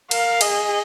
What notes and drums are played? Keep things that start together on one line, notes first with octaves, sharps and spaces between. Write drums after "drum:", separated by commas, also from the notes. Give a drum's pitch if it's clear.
A#4 F5, drum: cymbal
G#4 D#5, drum: cymbal